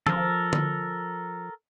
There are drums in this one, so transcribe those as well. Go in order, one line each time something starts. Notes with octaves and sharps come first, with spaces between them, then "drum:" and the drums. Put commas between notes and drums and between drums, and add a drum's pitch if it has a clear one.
F3 A4 A#4, drum: tom
drum: tom D3